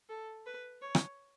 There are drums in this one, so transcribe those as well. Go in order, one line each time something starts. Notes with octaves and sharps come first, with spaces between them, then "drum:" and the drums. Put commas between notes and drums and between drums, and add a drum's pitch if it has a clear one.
A4
B4
C#5
drum: rim click